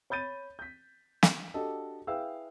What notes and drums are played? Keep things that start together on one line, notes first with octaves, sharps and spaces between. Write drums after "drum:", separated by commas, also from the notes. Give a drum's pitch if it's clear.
C#5 B5 G6 A6 D#7
G6 B6
drum: snare
D4 F#4 G4 A4 D#5
E4 G#4 B4 F5 G5 E6